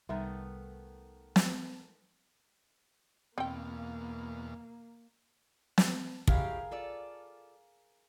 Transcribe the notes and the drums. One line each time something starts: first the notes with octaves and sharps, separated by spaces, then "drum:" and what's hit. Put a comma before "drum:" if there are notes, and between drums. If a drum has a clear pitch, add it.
C2 D#3 G3 A3 B3 D#4 E5
drum: snare
E2 B2 A#3 C4 F5 G5
drum: snare
B2 E3 G4 G#4 A#4 F5, drum: kick
F4 A4 D5